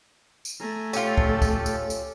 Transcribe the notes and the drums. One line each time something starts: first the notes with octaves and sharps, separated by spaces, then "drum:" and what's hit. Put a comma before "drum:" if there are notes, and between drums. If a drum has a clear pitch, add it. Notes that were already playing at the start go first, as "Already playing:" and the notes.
drum: tambourine
A3 G#5 A#5
C#4 F4 G4 A4, drum: tambourine
drum: kick
drum: kick, tambourine
drum: tambourine
drum: tambourine